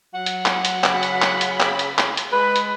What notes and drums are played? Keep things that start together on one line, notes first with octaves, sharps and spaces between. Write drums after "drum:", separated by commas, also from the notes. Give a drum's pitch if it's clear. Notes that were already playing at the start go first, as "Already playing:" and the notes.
F#3 F#5
drum: hi-hat
drum: clap
drum: hi-hat
C#3 B5, drum: clap
drum: hi-hat
drum: clap
drum: hi-hat
drum: clap
drum: hi-hat
drum: clap
drum: hi-hat
G#3 B4 B5
drum: hi-hat